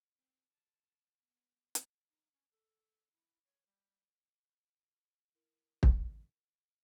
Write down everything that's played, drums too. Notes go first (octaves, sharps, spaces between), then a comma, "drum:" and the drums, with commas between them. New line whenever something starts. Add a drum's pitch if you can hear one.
C4
A5
B3
drum: hi-hat
D#4
C#4
A4
E4
C#5
G3
E4 A#4
drum: kick